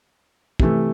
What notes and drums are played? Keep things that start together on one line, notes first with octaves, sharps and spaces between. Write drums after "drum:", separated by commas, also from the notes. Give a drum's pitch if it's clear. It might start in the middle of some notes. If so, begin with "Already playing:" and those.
C3 E3 A3, drum: kick